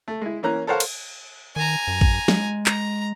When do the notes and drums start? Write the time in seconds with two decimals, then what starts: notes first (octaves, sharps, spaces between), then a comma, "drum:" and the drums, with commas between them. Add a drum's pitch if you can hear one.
0.08 A3
0.21 G#3 E4
0.43 E3 A#3 C#4 A#5 F#6
0.67 A4 A#4 C5 C#5 F5 F#5
0.80 drum: cymbal
1.56 D#3 G#5 A#5
1.88 F#2
2.01 drum: kick
2.28 G#3, drum: snare
2.66 A#5, drum: clap